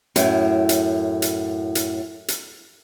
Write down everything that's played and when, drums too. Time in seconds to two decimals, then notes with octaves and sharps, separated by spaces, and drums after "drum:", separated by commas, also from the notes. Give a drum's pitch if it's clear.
0.16 F#2 A2, drum: hi-hat
0.69 drum: hi-hat
1.22 drum: hi-hat
1.75 drum: hi-hat
2.28 drum: hi-hat